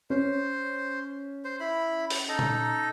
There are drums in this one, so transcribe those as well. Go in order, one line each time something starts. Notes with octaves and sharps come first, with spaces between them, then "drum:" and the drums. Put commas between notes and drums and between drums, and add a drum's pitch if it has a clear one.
C#4 C5
C5
E4 B5
drum: open hi-hat
D#4 A4 A#5
drum: tom A#2